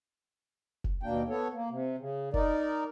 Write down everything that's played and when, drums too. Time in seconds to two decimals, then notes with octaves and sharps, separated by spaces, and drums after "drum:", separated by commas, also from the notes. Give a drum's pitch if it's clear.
0.84 drum: kick F1
1.03 D#2 B2 A#3 D4 G5
1.29 B3 A4 C#5
1.53 A#3
1.70 C3
1.98 C#3
2.34 D#4 A#4 D5, drum: kick F1